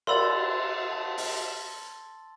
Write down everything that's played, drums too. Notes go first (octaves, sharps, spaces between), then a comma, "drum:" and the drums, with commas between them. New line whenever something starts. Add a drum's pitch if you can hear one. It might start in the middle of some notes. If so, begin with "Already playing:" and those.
A#4 D5 B5 C6 E6 A6, drum: cymbal
A5
drum: open hi-hat